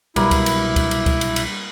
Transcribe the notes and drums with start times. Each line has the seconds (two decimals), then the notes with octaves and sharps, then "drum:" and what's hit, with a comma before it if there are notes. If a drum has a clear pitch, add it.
0.16 C2 B2 F#3 G3 A#3 E4 B4, drum: cymbal
0.31 drum: kick, cymbal
0.46 drum: cymbal
0.76 drum: kick, cymbal
0.91 drum: cymbal
1.06 drum: kick, cymbal
1.21 drum: cymbal
1.36 drum: cymbal